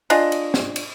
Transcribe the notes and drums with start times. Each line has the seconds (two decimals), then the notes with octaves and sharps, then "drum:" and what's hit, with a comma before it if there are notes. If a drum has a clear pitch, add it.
0.10 D4 F4 G#4 D#5, drum: cymbal
0.32 drum: cymbal
0.54 drum: snare
0.76 drum: cymbal